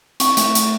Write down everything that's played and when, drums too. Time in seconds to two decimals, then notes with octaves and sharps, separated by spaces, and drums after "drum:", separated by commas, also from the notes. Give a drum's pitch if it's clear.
0.20 C4 C#6, drum: hi-hat
0.37 A3, drum: hi-hat
0.55 A3, drum: hi-hat